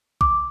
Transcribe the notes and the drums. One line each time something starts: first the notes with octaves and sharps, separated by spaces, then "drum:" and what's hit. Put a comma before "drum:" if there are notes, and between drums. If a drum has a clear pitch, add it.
D6, drum: kick A#1